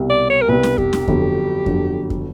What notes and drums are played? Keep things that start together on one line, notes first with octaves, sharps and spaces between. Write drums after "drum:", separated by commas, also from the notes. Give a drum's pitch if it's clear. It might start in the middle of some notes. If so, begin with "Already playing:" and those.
Already playing: C2 B2 G3
D5
C#5
A#4
C2 B2 G3 B4
drum: snare
G4, drum: kick F2
drum: snare
G1 F2 D3 F#3, drum: kick F2
G1 F2 D3 F#3, drum: kick F2
drum: kick F2